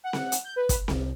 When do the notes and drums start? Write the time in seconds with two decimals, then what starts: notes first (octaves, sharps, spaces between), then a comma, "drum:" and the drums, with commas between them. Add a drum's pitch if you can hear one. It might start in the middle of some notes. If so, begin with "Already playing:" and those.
0.04 F#5
0.13 drum: snare C4
0.32 drum: hi-hat
0.44 G6
0.56 B4
0.69 drum: kick, hi-hat
0.88 C2, drum: snare C4